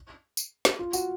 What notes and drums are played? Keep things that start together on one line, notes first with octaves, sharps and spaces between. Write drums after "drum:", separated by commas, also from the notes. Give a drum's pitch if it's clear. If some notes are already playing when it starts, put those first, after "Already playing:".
drum: tambourine
drum: snare
F4
F#4, drum: tambourine